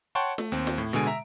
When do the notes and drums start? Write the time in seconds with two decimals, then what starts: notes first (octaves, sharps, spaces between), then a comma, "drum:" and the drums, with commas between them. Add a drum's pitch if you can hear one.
0.15 C#5 F#5 G5 A5 C6 C#6
0.38 A3, drum: snare
0.52 D#2 C4
0.67 drum: snare
0.78 A2
0.93 B2 D3 G#3 G#5 D7
1.07 E5 A#5